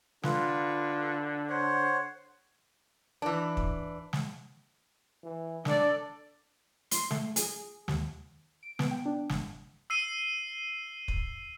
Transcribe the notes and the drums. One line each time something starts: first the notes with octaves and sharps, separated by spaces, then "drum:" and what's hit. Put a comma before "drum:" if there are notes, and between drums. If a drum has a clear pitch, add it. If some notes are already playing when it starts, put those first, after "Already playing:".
D3 F4 B4, drum: snare
C5 C#5 F#5
E3 D4
drum: kick
drum: snare
E3
D4 A4 D5, drum: snare
C6, drum: hi-hat
A3, drum: snare
G#4, drum: hi-hat
D#2, drum: snare
D7
B3, drum: snare
G5
D4
G1, drum: snare
E6 C7 D#7 G7
drum: kick